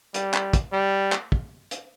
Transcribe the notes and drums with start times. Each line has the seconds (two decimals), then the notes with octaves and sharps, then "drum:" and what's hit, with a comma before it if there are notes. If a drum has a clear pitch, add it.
0.14 G3, drum: hi-hat
0.34 drum: clap
0.53 drum: kick, hi-hat
0.73 G3
1.12 drum: clap
1.32 drum: kick
1.71 drum: hi-hat